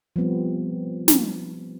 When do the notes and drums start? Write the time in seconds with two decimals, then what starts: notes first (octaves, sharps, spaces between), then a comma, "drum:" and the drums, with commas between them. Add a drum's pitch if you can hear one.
0.16 F3 G3 B3 C4
1.08 drum: snare